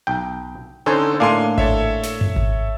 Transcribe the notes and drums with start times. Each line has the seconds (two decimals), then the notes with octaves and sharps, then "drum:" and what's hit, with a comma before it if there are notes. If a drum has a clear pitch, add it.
0.07 B1 G5
0.86 D3 C#4 D#4 A4 C5 G#5
1.20 A2 A#3 D4 F5 G#5 C6
1.58 A4 C#5 E5, drum: kick G#1
2.03 drum: snare
2.21 drum: tom F#2
2.36 drum: kick G#1